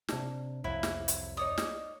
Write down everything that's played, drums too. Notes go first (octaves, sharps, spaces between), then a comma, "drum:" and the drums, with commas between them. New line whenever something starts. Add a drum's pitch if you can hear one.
C3 D4, drum: snare
C2 F2 F#3 E4
drum: snare
drum: hi-hat
D#4 C#5 D5 D#6
drum: snare